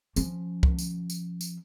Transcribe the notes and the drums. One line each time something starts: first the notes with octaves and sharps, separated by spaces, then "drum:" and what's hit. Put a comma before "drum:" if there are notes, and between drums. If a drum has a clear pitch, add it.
F3 C#4, drum: tambourine
drum: kick C2
drum: tambourine
drum: tambourine
drum: tambourine